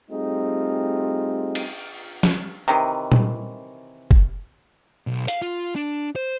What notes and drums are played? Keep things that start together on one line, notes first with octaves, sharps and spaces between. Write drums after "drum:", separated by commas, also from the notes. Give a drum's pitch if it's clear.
G3 A3 C4 D#4 F4 G#4
drum: cymbal
drum: snare
C3 D#3 E3
drum: tom A#2
drum: kick
B1
F5, drum: hi-hat
F4
D4
C5